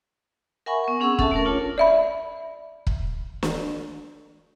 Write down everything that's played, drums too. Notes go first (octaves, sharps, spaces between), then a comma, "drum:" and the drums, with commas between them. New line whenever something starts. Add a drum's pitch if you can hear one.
A#4 E5 F#5 G#5 B5 C#6
B3 C#6
C4 C#4 G#4 F#5 C#6 E6
C#4 A4 E5 A5, drum: kick
A3 C#4 A#4
D4 F4 C#5 A5
D5 E5 B5
drum: kick
drum: snare